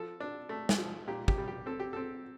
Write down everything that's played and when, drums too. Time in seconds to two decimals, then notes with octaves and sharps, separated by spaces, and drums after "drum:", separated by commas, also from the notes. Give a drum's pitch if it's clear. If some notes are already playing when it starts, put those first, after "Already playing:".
Already playing: F3 A4
0.20 D4
0.49 A3
0.69 drum: snare
0.78 F3
1.07 A#2 G4
1.28 G4, drum: kick
1.38 G3
1.48 G4
1.66 C4 A4
1.80 G4
1.93 C4 A4